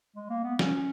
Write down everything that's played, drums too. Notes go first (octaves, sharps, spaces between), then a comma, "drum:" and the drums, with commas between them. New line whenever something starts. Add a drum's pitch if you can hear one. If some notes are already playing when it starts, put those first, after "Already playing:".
G#3
A#3
B3
C#4, drum: snare